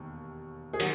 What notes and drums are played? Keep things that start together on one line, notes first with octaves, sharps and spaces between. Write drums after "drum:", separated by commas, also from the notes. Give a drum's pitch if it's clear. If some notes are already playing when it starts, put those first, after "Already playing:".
Already playing: E1 D#2 D#3
G#4
D#3 F#3 F#4, drum: cymbal